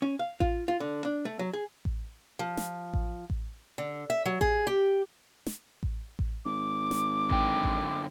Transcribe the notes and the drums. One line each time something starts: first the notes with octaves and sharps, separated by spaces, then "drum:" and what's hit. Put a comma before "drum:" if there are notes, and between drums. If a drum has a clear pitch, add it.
C#4
F5
F4, drum: kick A1
F4
D3
D4
A3
F#3
G#4
drum: kick A1
F3
drum: snare
drum: kick A1
drum: kick A1
D3
E5
F#3
G#4, drum: kick A1
G4
drum: snare
drum: kick A1
drum: kick A1
G#1 D6
drum: snare
F#2 D3 G5, drum: kick A1
drum: kick A1